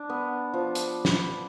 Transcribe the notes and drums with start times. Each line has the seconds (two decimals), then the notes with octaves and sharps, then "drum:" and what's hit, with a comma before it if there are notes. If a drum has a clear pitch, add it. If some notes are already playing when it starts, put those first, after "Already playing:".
Already playing: D4
0.09 B3
0.54 F3
0.75 drum: hi-hat
1.05 drum: snare